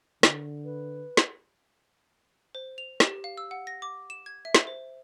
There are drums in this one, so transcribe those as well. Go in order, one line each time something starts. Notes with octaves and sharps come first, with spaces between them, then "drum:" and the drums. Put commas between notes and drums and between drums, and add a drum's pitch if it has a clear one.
D3, drum: snare
B4
drum: snare
C5
F7
G4, drum: snare
F5
E6
F#5
A#6
D6
E7
G#6
E5
drum: snare
C5